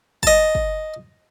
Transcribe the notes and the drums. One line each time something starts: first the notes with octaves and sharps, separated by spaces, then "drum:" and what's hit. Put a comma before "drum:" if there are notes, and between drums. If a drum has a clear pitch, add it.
D#5 A5, drum: kick
drum: kick